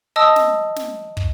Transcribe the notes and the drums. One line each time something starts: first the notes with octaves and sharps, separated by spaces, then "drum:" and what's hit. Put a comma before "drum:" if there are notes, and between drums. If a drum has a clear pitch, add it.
D#5 A5 D#6 E6
drum: snare
drum: snare
drum: kick